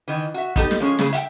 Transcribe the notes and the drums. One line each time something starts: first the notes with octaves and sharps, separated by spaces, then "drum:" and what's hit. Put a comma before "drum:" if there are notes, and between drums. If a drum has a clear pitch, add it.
D#3 E3
F#4 E5
B3 D#4 G4 A4, drum: kick, hi-hat
drum: snare
F3 G#3 C#4 G#4 C#5
C#3 E3 G#4, drum: snare
E5 F#5 G5, drum: hi-hat